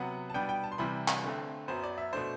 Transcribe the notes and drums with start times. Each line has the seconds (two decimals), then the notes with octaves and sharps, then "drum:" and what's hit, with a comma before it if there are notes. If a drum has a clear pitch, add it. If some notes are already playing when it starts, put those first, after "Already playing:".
Already playing: C3 F#3 B3 F#5
0.30 A5
0.34 B2 G3 B3 D4 G5
0.49 G5
0.64 A5
0.72 C6
0.78 C3 E3 G3 B5
1.08 drum: clap
1.24 D3 A3 C4
1.68 F#2 F#3 B3 C5
1.84 D5
1.98 E5
2.13 B2 A3 D4 C5